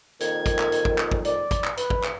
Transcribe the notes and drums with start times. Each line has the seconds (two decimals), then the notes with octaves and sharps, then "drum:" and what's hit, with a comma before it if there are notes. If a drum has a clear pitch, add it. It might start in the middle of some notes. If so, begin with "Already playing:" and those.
0.20 F2 A#2 D#3 G#6, drum: hi-hat
0.46 drum: kick, hi-hat
0.59 drum: clap
0.72 drum: hi-hat
0.85 drum: kick
0.98 drum: clap
1.11 drum: kick
1.25 D5, drum: hi-hat
1.51 drum: kick, hi-hat
1.64 drum: clap
1.77 B4, drum: hi-hat
1.90 drum: kick
2.04 drum: clap